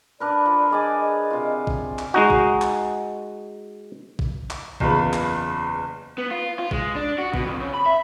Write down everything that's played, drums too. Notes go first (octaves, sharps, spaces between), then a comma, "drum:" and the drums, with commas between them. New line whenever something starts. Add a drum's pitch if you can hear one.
D4 A#4 B4 D5
F3
G#4 D5 D#5 G#5
D#5
C3 F4
drum: kick
drum: clap
G#3 D#4 F#4
drum: kick
drum: clap
drum: kick
drum: clap
F#1 E2 F4 B4 B5, drum: kick
drum: clap
B3
F4
F4
G#3, drum: kick
D4
F#4
B2, drum: kick
F2
C#3
B5
E5